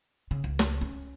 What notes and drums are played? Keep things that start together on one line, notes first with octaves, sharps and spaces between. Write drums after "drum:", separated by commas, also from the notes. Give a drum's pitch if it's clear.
C#3
C#2
drum: snare
C#4